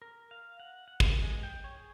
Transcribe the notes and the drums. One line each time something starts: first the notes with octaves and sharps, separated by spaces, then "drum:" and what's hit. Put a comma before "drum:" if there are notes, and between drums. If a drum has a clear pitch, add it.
A#4
F5
F#5
F#5
drum: kick
G#3
G5
C#5
G#4